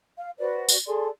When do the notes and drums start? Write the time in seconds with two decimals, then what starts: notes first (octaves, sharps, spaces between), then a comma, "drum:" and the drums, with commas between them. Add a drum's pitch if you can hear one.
0.17 F5
0.39 F#4 B4 C5 D5
0.69 drum: tambourine
0.86 G#4 A4 D5 C6